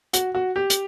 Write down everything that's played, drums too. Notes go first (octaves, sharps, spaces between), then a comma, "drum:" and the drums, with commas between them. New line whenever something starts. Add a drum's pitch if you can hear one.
F#4, drum: hi-hat
F#4
G4
drum: hi-hat